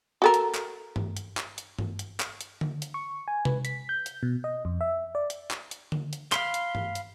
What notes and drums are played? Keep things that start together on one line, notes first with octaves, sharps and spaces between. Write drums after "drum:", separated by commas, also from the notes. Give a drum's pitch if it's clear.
F#4 A4 A#4
drum: hi-hat
drum: clap
drum: tom G2
drum: hi-hat
drum: clap
drum: hi-hat
drum: tom G2
drum: hi-hat
drum: clap
drum: hi-hat
drum: tom D3
drum: hi-hat
C#6
G#5
B4, drum: tom C3
B6, drum: hi-hat
G6
drum: hi-hat
B2
D#5
F2
E5
D5
drum: hi-hat
drum: clap
drum: hi-hat
drum: tom D3
drum: hi-hat
F5 B5 C6, drum: clap
drum: hi-hat
drum: tom G2
drum: hi-hat